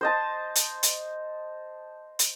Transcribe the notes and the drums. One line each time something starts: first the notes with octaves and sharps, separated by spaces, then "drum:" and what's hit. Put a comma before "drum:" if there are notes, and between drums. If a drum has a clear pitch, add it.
C5 D#5 A5
drum: hi-hat
drum: hi-hat
drum: hi-hat